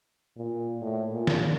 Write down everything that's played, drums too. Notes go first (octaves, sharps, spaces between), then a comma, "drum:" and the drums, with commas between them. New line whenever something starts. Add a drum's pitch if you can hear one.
A#2
A2
A#2
drum: snare